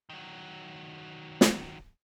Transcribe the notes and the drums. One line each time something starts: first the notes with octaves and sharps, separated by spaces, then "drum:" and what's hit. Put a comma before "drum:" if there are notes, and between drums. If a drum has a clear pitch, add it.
D#3 F#3
drum: snare